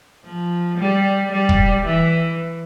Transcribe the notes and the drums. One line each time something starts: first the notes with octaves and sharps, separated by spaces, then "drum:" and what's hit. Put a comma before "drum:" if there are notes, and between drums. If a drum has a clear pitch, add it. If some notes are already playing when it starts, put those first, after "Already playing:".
F3
G3
G3
drum: kick
E3